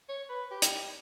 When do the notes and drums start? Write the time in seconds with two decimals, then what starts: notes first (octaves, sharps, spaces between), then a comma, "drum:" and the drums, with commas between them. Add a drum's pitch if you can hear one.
0.09 C#5
0.29 B4
0.51 G4
0.62 drum: hi-hat